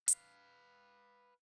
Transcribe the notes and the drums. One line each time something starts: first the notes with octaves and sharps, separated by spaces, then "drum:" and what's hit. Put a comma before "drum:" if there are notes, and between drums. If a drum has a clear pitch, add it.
B4 F5, drum: hi-hat